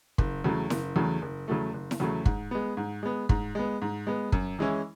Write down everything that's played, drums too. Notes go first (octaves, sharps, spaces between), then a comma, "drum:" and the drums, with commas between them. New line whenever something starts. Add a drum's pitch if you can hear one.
F#1, drum: kick
E2 C#3 F#3 A3
F#1, drum: snare E4
E2 C#3 F#3 A3
F#1
E2 C#3 F#3 A3
F#1
drum: snare E4
E2 C#3 F#3 A3
G#2, drum: kick
G#3 B3
G#2
G#3 B3
G#2, drum: kick
G#3 B3
G#2
G#3 B3
F#2, drum: kick
E3 G#3 C#4 E4